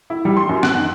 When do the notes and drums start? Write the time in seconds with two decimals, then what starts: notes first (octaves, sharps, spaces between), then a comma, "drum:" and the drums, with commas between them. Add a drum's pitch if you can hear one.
0.10 E4
0.25 G3
0.37 C6
0.49 F#2
0.63 F#6, drum: rim click
0.75 D#3